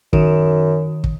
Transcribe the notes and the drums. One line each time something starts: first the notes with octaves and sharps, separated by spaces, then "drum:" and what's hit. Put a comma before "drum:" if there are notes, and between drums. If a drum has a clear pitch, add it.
F#2 D#3, drum: kick
drum: kick